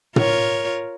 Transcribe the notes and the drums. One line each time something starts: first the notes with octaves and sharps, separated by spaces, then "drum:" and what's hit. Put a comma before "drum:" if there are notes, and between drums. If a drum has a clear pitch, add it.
F4 A#4 C#5, drum: tom